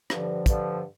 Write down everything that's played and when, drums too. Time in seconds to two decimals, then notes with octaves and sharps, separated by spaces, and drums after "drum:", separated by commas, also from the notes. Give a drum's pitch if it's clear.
0.10 G2 D3 F3, drum: rim click
0.46 G2 D3 F3, drum: kick, hi-hat